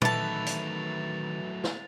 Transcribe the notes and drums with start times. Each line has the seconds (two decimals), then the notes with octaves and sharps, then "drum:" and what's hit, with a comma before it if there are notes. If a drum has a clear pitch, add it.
0.02 D#3 E3 F#3 A3 A5 A6 F7, drum: tom
0.46 drum: hi-hat
1.64 drum: snare